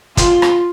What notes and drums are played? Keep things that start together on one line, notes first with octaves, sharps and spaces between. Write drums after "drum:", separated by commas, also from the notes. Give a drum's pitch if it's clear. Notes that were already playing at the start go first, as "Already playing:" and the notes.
F4, drum: kick, hi-hat
drum: rim click